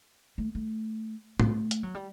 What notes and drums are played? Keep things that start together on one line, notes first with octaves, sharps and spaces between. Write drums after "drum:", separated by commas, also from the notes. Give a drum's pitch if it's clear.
A3
A3
A3, drum: tom A2
drum: hi-hat
F#3
G3